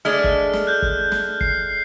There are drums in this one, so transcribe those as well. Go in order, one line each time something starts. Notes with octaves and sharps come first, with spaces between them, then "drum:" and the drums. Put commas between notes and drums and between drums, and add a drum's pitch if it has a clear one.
G#3 A3 D4 F6
drum: kick
drum: snare
F#6 G6
drum: kick
drum: snare
C7, drum: kick